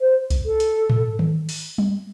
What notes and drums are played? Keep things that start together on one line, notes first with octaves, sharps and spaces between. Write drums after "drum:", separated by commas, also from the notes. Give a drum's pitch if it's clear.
C5
drum: kick C2, hi-hat
A4
drum: hi-hat
drum: tom A2
drum: tom D#3
drum: open hi-hat
drum: tom G3